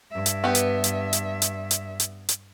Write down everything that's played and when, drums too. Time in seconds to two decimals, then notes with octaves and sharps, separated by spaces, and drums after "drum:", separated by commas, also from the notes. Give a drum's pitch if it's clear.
0.11 G2 E5
0.26 drum: hi-hat
0.44 B3 G4
0.55 drum: hi-hat
0.84 drum: hi-hat
1.13 drum: hi-hat
1.42 drum: hi-hat
1.71 drum: hi-hat
2.00 drum: hi-hat
2.29 drum: hi-hat